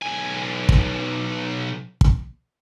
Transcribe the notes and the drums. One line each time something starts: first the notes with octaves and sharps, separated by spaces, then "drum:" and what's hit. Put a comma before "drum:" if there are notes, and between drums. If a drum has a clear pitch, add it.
B1 G#5
drum: kick
drum: kick